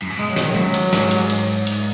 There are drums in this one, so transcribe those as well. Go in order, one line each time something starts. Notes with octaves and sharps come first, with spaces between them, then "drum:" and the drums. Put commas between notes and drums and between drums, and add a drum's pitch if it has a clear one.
F#2
G#2
B2 G#3
F#3
B2, drum: snare
D#3
G#2
F#2 F#3, drum: tom G#3
drum: cymbal
G#2, drum: snare
drum: cymbal
drum: cymbal
drum: cymbal